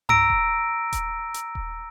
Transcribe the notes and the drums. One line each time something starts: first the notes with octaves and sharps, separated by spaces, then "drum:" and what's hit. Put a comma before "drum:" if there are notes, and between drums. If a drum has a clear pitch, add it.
A#5 E6 A#6 D7, drum: tom G2
drum: kick D#1
drum: kick D#1, hi-hat
drum: hi-hat
drum: kick D#1